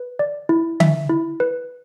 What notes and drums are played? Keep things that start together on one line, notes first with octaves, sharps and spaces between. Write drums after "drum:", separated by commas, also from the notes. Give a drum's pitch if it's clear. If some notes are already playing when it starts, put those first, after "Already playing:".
Already playing: B4
D5
E4
E5, drum: tom D3
E4
B4